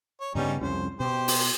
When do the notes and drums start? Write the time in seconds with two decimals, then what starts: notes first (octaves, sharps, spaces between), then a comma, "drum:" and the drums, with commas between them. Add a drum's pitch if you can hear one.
0.21 C#5
0.35 G2 C#3 G3 B3 C#4 D#4
0.61 C2 F2 C#4 C5
1.00 B2 G4 C5
1.28 drum: open hi-hat